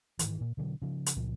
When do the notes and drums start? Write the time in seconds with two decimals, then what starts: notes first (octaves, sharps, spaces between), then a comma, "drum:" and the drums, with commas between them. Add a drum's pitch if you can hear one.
0.19 G#2 D#3 E3, drum: hi-hat
0.41 A#2
0.57 B2 D3 F#3
0.82 C#3 F3
1.06 drum: hi-hat
1.16 C#2 A#2 F3